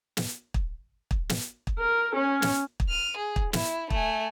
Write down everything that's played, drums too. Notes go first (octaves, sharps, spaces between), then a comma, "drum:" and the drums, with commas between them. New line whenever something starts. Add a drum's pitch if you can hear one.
drum: snare
drum: kick
drum: kick
drum: snare
drum: kick
A#4
C#4
drum: snare
drum: kick
F6 D#7
G#4
drum: kick
E4, drum: snare
A3 G#5, drum: kick